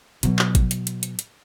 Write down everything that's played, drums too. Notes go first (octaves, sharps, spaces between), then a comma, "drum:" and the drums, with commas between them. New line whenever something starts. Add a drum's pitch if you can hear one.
B2 F#3, drum: hi-hat
drum: clap
drum: kick, hi-hat
drum: hi-hat
drum: hi-hat
drum: hi-hat
drum: hi-hat